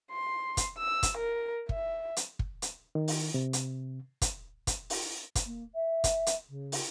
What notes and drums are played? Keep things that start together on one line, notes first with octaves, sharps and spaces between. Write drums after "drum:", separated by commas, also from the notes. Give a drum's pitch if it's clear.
C6
drum: kick, hi-hat
E6
drum: kick, hi-hat
A#4
E5, drum: kick
drum: hi-hat
drum: kick
drum: hi-hat
D#3
drum: open hi-hat
C3
drum: hi-hat
drum: kick, hi-hat
drum: kick, hi-hat
drum: open hi-hat
drum: kick, hi-hat
A#3
E5
drum: kick, hi-hat
drum: hi-hat
C#3
drum: open hi-hat